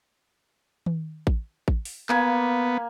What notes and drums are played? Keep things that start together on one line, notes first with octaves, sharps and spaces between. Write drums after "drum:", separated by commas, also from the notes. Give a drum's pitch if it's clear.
drum: tom D#3
drum: kick A1
drum: kick A1
drum: open hi-hat
A#3 B3 G#5, drum: clap